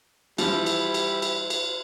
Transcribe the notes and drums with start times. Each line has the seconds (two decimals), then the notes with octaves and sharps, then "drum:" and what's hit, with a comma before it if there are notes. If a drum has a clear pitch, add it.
0.38 E3 F3 G3 E4, drum: cymbal
0.66 drum: cymbal
0.94 drum: cymbal
1.22 drum: cymbal
1.50 drum: cymbal